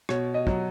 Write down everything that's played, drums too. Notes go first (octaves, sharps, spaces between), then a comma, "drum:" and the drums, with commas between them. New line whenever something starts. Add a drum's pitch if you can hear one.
B2 C#5, drum: rim click
D#5
F#3, drum: kick